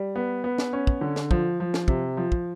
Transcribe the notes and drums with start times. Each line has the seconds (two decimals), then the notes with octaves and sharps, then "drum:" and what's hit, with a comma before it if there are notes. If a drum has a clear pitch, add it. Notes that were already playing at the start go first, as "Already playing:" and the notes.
Already playing: G3
0.16 B3
0.44 B3
0.58 drum: snare
0.73 C#4
0.87 drum: kick
1.01 D3
1.16 drum: snare
1.31 F3, drum: kick
1.60 F3
1.74 drum: snare
1.88 C3, drum: kick
2.17 F3
2.32 drum: kick